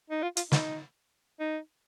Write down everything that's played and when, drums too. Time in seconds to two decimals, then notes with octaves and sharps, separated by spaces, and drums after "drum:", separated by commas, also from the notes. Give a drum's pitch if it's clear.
0.10 D#4
0.23 F4
0.37 F4, drum: hi-hat
0.52 D#4, drum: snare
1.40 D#4